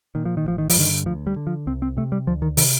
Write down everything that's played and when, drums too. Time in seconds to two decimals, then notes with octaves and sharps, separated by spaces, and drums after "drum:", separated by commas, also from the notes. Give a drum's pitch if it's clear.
0.15 A#2 D#3
0.25 F3
0.37 D#3
0.45 A1 F3
0.58 D#3
0.70 F3, drum: open hi-hat
0.76 G2 D3 D#3
1.06 D2 F3
1.27 G3
1.36 D3
1.47 F3
1.67 C2 C4
1.82 C4
1.97 C3 A3
2.12 G3
2.27 D2 F3
2.42 D#3
2.57 C3 D#3, drum: open hi-hat